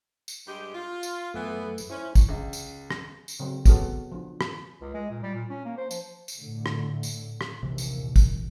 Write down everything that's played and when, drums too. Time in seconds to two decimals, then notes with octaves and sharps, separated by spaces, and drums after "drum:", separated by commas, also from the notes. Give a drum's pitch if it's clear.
0.28 drum: tambourine
0.46 G2 G#3 G4
0.74 F4
1.03 drum: tambourine
1.34 F#2 E3 A3 B3
1.78 drum: tambourine
1.90 C#4 E4 C5
2.15 drum: kick, tambourine
2.29 C#2
2.53 drum: tambourine
2.91 drum: rim click
3.28 drum: tambourine
3.40 C#3 F#3 C4
3.66 B3 C#4 F#4 G#4 A4, drum: kick, tambourine
4.12 F3 D4
4.41 drum: rim click
4.81 C#2
4.94 G#3
5.11 A#2
5.23 G3
5.34 A#2
5.50 C#4
5.65 A#3
5.77 C5
5.91 F3, drum: tambourine
6.28 drum: tambourine
6.38 A2 D3
6.66 drum: rim click
7.03 drum: tambourine
7.41 drum: rim click
7.63 A#1 D#2 C3 E3
7.78 drum: tambourine
8.16 drum: kick, tambourine